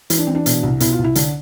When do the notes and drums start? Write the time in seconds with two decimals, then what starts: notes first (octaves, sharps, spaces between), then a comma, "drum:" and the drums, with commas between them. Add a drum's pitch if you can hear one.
0.10 E3 E4, drum: hi-hat
0.18 D4
0.27 E3 C4
0.35 D4
0.46 B2, drum: hi-hat
0.63 C2
0.80 B2 E4, drum: hi-hat
0.93 F4
0.99 C2
1.04 E4
1.15 D3 D4, drum: hi-hat